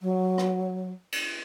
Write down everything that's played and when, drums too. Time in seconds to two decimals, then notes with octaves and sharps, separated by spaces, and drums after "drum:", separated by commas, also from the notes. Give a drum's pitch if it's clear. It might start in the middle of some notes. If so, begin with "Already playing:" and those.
0.01 F#3
0.38 drum: rim click
1.12 drum: cymbal